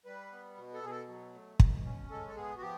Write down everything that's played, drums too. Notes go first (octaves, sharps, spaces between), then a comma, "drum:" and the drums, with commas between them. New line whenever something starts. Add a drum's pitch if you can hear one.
G3 B4
B3
B2
A4
B2 G#4
A4
F#3
A3
B2, drum: kick
C#4
G#3 A4
A4
B3 G#4
F#4
F3 G4